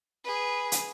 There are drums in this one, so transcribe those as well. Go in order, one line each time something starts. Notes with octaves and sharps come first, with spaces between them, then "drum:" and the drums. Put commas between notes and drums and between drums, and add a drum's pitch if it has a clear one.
G#4 B4
drum: hi-hat